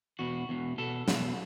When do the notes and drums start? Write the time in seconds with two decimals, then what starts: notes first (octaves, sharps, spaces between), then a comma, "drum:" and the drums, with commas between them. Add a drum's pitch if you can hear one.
0.19 E2 B2 F#4
0.49 E2 B2
0.78 E2 B2 A4
1.08 E2 B2, drum: snare